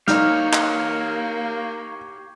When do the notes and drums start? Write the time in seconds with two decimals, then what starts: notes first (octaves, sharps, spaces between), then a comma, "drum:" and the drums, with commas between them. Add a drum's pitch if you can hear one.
0.08 A#3 D#4 G4 C#5 F5, drum: snare
0.53 drum: clap